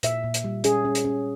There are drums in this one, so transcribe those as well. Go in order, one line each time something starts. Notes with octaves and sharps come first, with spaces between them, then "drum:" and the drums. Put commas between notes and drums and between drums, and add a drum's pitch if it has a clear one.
A#2 E5, drum: hi-hat
A#2
drum: hi-hat
G3
C#4 G#4, drum: hi-hat
C#4
drum: hi-hat
C#4